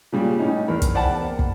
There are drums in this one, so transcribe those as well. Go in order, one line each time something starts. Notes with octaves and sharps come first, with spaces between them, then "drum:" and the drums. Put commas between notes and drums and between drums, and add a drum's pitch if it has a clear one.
A#2 C#3 G3
A2 C#4 D#4
E2 A#4 B5
drum: kick, hi-hat
C5 D5 F#5 G5 A5 B5
A#3
drum: kick